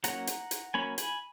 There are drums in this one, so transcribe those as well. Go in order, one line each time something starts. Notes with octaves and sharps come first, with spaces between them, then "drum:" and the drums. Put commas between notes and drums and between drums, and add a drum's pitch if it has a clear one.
F#3 A#3 C#4 F#5 A#5, drum: hi-hat
drum: hi-hat
drum: hi-hat
F#3 A#3 C#4 G#5 B5
G#5 B5, drum: hi-hat